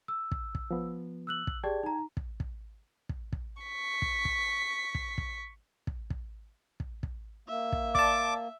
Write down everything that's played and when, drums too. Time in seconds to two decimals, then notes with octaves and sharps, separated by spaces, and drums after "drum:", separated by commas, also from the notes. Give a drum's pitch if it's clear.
0.08 E6
0.31 drum: kick
0.55 drum: kick
0.71 F3 B3
1.27 E6 F#6 F#7
1.47 drum: kick
1.64 G4 G#4 D5 G5 A5 G#6
1.83 D#4 A#5
2.17 drum: kick
2.40 drum: kick
3.09 drum: kick
3.33 drum: kick
3.63 C#6 B6
4.02 drum: kick
4.25 drum: kick
4.95 drum: kick
5.18 drum: kick
5.87 drum: kick
6.10 drum: kick
6.80 drum: kick
7.03 drum: kick
7.48 A#3 E5
7.72 drum: kick
7.95 D5 A5 D6, drum: kick